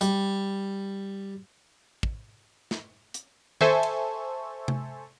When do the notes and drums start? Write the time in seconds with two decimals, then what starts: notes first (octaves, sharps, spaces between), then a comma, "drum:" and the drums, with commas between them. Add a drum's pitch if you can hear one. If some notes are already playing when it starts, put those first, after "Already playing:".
0.01 G3, drum: hi-hat
2.03 drum: kick
2.71 drum: snare
3.14 drum: hi-hat
3.61 A4 C5 E5 G#5 C#6, drum: tom D#3
3.83 drum: cymbal
4.68 drum: tom C3